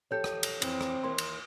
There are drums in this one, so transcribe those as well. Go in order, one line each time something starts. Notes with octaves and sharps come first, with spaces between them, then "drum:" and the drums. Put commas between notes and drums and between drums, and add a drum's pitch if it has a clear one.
F3 G4 A4 C#5 G6
drum: rim click
drum: cymbal
F2 E3 C4, drum: cymbal
drum: rim click
D#2 E3 A#4 C6
drum: cymbal